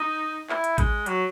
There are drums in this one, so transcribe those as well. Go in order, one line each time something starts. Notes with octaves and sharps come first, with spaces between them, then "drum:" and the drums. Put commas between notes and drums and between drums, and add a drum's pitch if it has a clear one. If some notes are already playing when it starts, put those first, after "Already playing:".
Already playing: D#4
E4, drum: clap
drum: hi-hat
G#3, drum: kick A1, hi-hat
F#3, drum: hi-hat